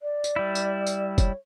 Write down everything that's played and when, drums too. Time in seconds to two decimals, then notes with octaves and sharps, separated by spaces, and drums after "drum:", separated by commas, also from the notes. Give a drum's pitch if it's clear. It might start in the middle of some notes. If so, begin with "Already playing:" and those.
0.02 D5
0.24 drum: tambourine
0.36 G3 E4
0.55 drum: tambourine
0.87 drum: tambourine
1.18 C#5, drum: kick, tambourine